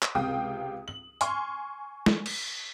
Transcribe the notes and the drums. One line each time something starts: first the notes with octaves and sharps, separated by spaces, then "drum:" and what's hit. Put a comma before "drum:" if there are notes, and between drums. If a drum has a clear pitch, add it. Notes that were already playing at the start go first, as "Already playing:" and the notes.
drum: clap
C#2 C3 F5 G5 D#6
F#7
G#5 C6 C#6 F6, drum: hi-hat
drum: snare
drum: cymbal